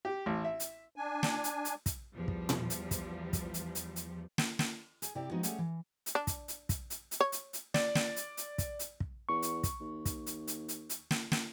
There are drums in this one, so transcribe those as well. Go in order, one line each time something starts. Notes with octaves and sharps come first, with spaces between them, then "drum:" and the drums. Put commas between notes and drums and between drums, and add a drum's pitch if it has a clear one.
G4
A1
E5
drum: hi-hat
D4 G#5
drum: snare
drum: hi-hat
drum: hi-hat
drum: kick, hi-hat
E2 F3 G3
drum: kick
drum: tom A#2
drum: hi-hat
drum: kick, hi-hat
drum: kick, hi-hat
drum: hi-hat
drum: hi-hat
drum: hi-hat
drum: snare
drum: snare
G#4, drum: hi-hat
C3 C4 E4 G4 D5
F3 G#3 B3 C4 D#4 F#4
G3 A3 C#4 G#4 F#5, drum: hi-hat
E3
drum: hi-hat
D4
drum: kick, hi-hat
drum: hi-hat
drum: kick, hi-hat
drum: hi-hat
drum: hi-hat
C#5
drum: hi-hat
drum: hi-hat
D5, drum: snare
drum: snare
drum: hi-hat
drum: hi-hat
drum: kick, hi-hat
drum: hi-hat
drum: kick
E2 C#6
drum: hi-hat
drum: kick, hi-hat
D#2
drum: kick, hi-hat
drum: hi-hat
drum: hi-hat
drum: hi-hat
drum: hi-hat
drum: snare
drum: snare